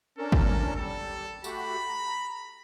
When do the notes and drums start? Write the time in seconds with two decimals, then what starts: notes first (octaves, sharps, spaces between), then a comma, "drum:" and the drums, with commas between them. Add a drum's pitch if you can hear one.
0.18 C#4 D4 A4 A#4
0.32 drum: kick
0.77 G3 A4
1.44 A3 F#4 G4 B5, drum: tambourine
1.88 A#5